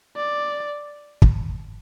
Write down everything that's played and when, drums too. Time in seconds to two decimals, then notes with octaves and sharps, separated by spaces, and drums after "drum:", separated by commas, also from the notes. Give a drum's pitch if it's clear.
0.16 D5
1.22 drum: kick